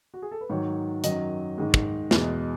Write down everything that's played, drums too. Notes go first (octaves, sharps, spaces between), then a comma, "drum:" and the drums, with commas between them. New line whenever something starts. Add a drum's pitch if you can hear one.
F#4
G#4
A4
B4
G#2 D#3 F#3 C#5
F#2 D#3 F#3 D#5, drum: hi-hat
G#2 D#3 G#3
drum: kick
E2 B2 G#3, drum: snare